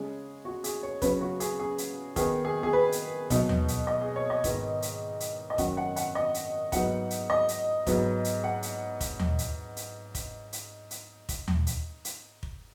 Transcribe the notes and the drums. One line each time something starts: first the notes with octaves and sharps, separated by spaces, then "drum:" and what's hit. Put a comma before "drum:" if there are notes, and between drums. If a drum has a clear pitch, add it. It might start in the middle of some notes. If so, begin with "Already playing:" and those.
Already playing: C#3 G#3 C#4 G#4
F#4
G#4, drum: hi-hat
C#5
C#3 F#3 C#4 B4, drum: kick, hi-hat
F#4
G#4, drum: hi-hat
G#4
drum: hi-hat
D#3 B3 D#4 G#4, drum: kick, hi-hat
G#4
G#4
B4
drum: hi-hat
B2 F#3 D#4, drum: kick, hi-hat
drum: tom D#2
drum: hi-hat
D#5
G#4
C#5
D#5
G#2 D#3 B3, drum: kick, hi-hat
drum: hi-hat
drum: hi-hat
D#5
F#2 D#3 F#3 C#4 F#5, drum: kick, hi-hat
F#5
F#5, drum: hi-hat
D#5
drum: hi-hat
G#2 F#3 B3 D#4 F#5, drum: kick, hi-hat
drum: hi-hat
D#5
drum: hi-hat
G#2 F#3 B3, drum: kick, hi-hat
drum: hi-hat
F#5
drum: hi-hat
drum: kick, hi-hat
drum: tom D#2
drum: hi-hat
drum: hi-hat
drum: kick, hi-hat
drum: hi-hat
drum: hi-hat
drum: kick, hi-hat
drum: tom D#2
drum: hi-hat
drum: hi-hat
drum: kick